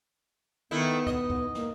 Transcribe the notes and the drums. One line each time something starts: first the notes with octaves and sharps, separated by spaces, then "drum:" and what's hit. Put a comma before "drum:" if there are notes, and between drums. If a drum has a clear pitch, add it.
D#3 A3 B3 E4
D#5, drum: kick C#2
drum: kick C#2
A#3, drum: snare